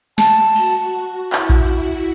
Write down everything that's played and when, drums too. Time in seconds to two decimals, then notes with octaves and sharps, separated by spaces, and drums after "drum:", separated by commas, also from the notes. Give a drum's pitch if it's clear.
0.18 A5, drum: snare
0.56 F#4, drum: open hi-hat
1.33 E4, drum: clap
1.50 drum: kick A#1